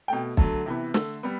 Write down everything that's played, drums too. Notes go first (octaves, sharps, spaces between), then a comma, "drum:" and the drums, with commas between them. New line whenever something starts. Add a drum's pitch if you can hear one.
B2 A3 G5
D3 F#3 A3 A5, drum: kick
C3 E3 B3
D3 A3 E6, drum: snare
G3 B3